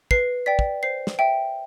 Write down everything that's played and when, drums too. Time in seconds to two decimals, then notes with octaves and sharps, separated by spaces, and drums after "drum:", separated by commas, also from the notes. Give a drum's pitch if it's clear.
0.11 B4 C7, drum: kick
0.46 D5 G5 B6
0.59 drum: kick
0.83 C5 C7
1.07 drum: snare
1.19 E5 G5